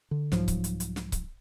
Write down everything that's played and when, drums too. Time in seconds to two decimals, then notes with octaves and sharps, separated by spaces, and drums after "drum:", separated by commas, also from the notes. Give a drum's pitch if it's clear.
0.11 D3
0.32 C2 G#2 F3 F#3, drum: snare
0.48 drum: kick C#1, hi-hat
0.64 drum: hi-hat
0.80 drum: hi-hat
0.96 drum: snare
1.12 drum: kick C#1, hi-hat